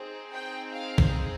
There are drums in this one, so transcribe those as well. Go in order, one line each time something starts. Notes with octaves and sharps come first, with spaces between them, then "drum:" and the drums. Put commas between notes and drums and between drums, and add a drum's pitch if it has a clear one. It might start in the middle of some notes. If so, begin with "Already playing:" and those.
Already playing: C4 D#4 G#4
G5
F5
drum: kick